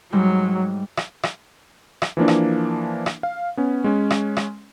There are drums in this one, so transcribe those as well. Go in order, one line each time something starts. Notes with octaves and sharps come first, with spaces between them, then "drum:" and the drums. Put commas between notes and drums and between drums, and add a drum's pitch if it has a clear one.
G#2 F#3 G3
drum: rim click
drum: rim click
drum: rim click
E3 F3 A#3 D4
drum: rim click
drum: rim click
F5
B3 C#4
G#3 C#4
drum: rim click
drum: rim click